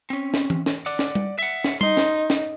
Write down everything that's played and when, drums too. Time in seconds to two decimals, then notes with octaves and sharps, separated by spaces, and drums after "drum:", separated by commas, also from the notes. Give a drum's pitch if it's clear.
0.10 C4 C#4
0.34 drum: snare
0.50 drum: tom E3
0.66 drum: snare
0.86 D5 F#5
0.99 drum: snare
1.15 drum: tom G3
1.39 E5 F#5
1.64 drum: snare
1.81 D#4 C6, drum: tom G3
1.97 drum: snare
2.30 drum: snare